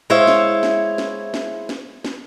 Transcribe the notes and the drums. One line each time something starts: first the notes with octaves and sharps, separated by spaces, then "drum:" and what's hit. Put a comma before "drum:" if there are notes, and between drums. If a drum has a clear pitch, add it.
G#3 E4 C5 C#5 E5 F5
drum: snare
drum: snare
drum: snare
drum: snare
drum: snare
drum: snare